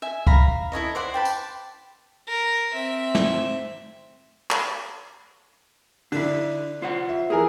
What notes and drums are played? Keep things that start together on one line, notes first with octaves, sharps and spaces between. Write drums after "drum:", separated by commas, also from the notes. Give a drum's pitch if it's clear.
E5 G#5
F5 A#5 B5, drum: kick C#2
E4 A4 C#5 D#5
C5 D5 F#5 C6
G5 A5 B5
drum: tambourine
A#4
C4 E5
drum: snare
drum: clap
D3 D4 E4, drum: open hi-hat
F4 C5 F#5
E5
E3 G#4 A#4 G#5